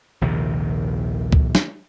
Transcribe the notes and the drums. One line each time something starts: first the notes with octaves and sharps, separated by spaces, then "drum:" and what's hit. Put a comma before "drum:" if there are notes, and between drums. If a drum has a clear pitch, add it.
A#1 D#2 C3 D#3
drum: kick
drum: snare